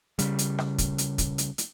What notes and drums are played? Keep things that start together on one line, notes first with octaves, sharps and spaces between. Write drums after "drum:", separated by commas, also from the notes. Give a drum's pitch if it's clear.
C#3 G3, drum: hi-hat
drum: hi-hat
drum: rim click
drum: kick, hi-hat
drum: hi-hat
drum: kick, hi-hat
drum: hi-hat
drum: hi-hat